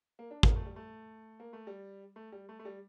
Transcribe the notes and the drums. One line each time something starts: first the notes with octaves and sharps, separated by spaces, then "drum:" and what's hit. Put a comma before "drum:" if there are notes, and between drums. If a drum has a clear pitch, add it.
A#3
D4
A#3, drum: kick
A3
G3
A3
A#3
A3
G3
A3
G3
A3
A3
G3